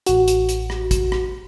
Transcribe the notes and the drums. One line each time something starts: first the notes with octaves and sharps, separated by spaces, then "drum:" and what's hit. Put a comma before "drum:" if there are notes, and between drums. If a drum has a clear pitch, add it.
A1 F#4, drum: hi-hat
drum: hi-hat
drum: hi-hat
drum: rim click
drum: kick, hi-hat
drum: rim click